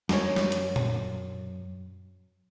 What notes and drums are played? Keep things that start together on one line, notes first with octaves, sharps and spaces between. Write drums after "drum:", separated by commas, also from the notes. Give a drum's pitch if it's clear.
F#2 C#5, drum: snare
drum: snare
drum: hi-hat
drum: tom A#2